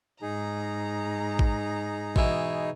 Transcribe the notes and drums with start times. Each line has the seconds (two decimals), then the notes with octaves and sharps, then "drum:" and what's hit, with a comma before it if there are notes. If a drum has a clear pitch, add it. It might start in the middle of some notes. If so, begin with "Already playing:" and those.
0.22 G#2 D#4 G#4 A#5
1.39 drum: kick A1
2.16 B2 E3, drum: kick A1